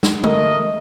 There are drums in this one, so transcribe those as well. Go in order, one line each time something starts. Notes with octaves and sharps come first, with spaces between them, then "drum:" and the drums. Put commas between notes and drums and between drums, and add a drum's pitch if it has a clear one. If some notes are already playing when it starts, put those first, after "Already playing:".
drum: snare
A3 A#4 D#5, drum: tom